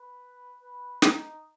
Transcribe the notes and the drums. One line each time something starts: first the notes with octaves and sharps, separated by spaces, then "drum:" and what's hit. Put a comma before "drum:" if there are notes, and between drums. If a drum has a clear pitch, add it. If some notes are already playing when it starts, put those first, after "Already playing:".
Already playing: B4
B4
D#4, drum: snare